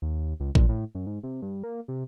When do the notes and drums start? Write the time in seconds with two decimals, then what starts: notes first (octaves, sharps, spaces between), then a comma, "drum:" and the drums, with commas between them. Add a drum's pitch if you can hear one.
0.02 D#2
0.40 C#2
0.55 A#2, drum: kick A1
0.69 A2
0.95 F#2
1.07 G#2
1.23 C3
1.42 G2
1.63 A#3
1.88 C3